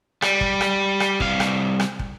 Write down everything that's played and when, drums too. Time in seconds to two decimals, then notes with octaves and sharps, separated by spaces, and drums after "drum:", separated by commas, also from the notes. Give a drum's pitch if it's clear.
0.22 G3, drum: rim click
0.41 drum: kick
0.61 drum: rim click
1.00 drum: rim click
1.20 C2 F5, drum: kick
1.40 drum: rim click
1.80 drum: rim click
1.99 drum: kick